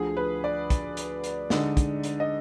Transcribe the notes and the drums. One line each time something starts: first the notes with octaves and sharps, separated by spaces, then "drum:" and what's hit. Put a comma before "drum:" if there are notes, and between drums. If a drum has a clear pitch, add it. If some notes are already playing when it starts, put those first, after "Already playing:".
Already playing: D2 D3 F3 G#4
B4
D5
drum: kick, hi-hat
drum: hi-hat
drum: hi-hat
D3 G#3 D#4, drum: snare
drum: kick, hi-hat
drum: hi-hat
D#5